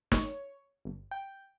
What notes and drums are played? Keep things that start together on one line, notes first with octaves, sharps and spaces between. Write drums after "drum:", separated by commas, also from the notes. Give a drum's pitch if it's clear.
C#5, drum: snare
G1
G5